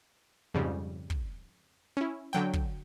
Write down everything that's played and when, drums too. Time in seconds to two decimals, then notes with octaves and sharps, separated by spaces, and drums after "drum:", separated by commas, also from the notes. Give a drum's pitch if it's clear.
0.54 F2 G#2 C#3 G3
1.10 drum: kick
1.97 C#4 E4
2.33 D3 F#3 G5
2.53 drum: kick